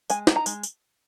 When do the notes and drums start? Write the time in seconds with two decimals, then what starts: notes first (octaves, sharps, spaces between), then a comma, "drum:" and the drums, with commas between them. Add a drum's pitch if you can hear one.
0.10 G#3 G#5, drum: tambourine
0.27 D#4, drum: snare
0.36 A#5
0.46 G#3, drum: tambourine
0.63 drum: tambourine